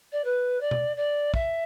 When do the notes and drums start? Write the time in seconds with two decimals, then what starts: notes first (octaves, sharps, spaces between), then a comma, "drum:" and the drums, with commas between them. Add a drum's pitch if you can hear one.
0.12 D5
0.24 B4
0.60 D5
0.71 drum: tom B2
0.96 D5
1.34 E5, drum: kick